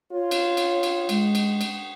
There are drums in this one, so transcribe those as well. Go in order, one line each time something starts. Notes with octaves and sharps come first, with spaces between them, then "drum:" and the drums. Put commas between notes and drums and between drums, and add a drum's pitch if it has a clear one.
F4 C#5
drum: cymbal
drum: cymbal
drum: cymbal
G#3, drum: cymbal
drum: cymbal
drum: cymbal